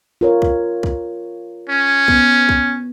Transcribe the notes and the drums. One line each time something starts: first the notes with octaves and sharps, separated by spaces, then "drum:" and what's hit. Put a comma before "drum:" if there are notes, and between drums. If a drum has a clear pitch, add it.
F4 A#4 C#5
drum: kick
drum: kick
C#4
B3, drum: kick
drum: kick